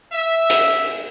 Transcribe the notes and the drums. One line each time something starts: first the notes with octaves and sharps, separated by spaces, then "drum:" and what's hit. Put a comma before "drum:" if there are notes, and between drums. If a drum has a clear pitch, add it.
E5
drum: hi-hat